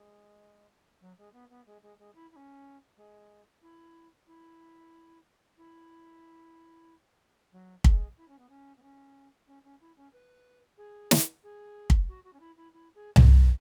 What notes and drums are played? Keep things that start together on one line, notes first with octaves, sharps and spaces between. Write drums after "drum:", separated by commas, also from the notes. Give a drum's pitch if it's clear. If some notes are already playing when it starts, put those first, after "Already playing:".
Already playing: G#3
F#3
G#3
B3
B3
G#3
G#3
G#3
E4
E4
C#4
G#3
E4
E4
E4
F#3
G#3, drum: kick
E4
C#4
B3
C#4
B3
C#4
C#4
C#4
E4
C#4
B4
G#4
drum: snare
G#4
drum: kick
F#4
F#4
C#4
E4
E4
E4
G#4
G#4, drum: tom C2
B4